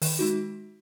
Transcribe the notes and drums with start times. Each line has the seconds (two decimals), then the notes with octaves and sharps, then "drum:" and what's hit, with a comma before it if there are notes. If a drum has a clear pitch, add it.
0.02 D#3, drum: open hi-hat
0.19 G#3 D#4 F#4